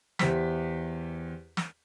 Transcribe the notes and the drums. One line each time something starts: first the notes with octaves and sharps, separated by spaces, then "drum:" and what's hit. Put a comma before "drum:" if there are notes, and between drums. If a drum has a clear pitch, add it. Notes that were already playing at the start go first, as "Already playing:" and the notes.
E2 G4 C5 B6, drum: snare
drum: snare